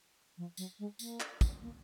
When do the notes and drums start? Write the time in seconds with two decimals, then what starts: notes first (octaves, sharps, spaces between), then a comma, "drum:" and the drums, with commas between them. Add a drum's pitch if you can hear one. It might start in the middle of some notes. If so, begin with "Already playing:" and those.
0.37 F3
0.57 F#3, drum: tambourine
0.79 G#3
0.99 A#3, drum: tambourine
1.20 drum: clap
1.41 drum: kick, tambourine
1.62 A#3